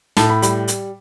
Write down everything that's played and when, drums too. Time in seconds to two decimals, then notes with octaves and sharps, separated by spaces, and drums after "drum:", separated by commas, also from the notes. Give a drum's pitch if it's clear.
0.17 A2 A5, drum: snare
0.30 B5
0.42 G3 B5, drum: hi-hat
0.68 drum: hi-hat